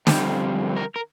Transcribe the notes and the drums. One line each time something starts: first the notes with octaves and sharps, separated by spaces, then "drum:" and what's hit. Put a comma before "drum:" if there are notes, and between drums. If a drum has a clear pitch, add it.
F2 D3 G3 C4 F4 G4, drum: snare
A#4
A#4